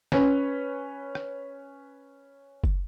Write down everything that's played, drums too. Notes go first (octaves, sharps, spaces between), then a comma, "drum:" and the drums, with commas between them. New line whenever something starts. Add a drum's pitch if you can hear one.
C#4 B4 C#5, drum: snare
drum: rim click
drum: kick F#1